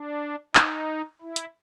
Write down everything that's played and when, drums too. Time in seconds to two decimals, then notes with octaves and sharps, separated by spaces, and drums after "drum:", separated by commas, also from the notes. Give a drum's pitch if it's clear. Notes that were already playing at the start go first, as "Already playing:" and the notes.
Already playing: D4
0.55 D#4, drum: clap
1.22 E4
1.36 drum: hi-hat